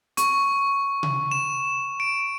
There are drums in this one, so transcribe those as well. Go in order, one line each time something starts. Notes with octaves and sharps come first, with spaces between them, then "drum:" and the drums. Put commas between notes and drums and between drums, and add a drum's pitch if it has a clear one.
C#6, drum: hi-hat
drum: tom C3
E7
D7